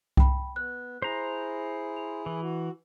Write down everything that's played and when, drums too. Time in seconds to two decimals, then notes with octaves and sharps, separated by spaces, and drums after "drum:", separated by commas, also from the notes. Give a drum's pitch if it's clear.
0.17 G5 B5, drum: kick C2
0.56 B3 F#6
1.02 E4 G#4 C5 A#5
1.96 F7
2.26 E3
2.42 F#4